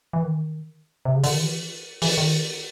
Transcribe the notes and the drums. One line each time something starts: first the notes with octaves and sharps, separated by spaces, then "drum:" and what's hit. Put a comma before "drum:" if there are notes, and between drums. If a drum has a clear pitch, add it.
E3
D#3
C3
C#3
D3, drum: open hi-hat
D#3
E3
E3, drum: open hi-hat
D#3